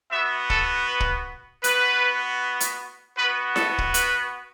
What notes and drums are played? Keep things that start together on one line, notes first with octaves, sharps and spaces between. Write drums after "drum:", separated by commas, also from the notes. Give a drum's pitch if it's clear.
B3 F#4 E5
A4, drum: kick
B4
drum: kick
B3 F#4 B4, drum: hi-hat
drum: hi-hat
B3 F#4 B4
A4, drum: snare E4
drum: kick
B4, drum: hi-hat